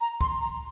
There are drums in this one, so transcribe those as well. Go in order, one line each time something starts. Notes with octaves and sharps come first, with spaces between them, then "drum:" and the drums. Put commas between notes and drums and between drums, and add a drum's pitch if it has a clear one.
A#5
C6, drum: kick
A#5